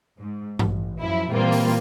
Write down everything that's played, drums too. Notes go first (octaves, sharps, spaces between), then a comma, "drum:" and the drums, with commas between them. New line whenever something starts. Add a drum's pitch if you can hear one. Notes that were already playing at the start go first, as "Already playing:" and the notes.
G#2
A1, drum: tom G2
F#2 F3 E4
A#2 E3 G3 A#3 C4 F4
drum: open hi-hat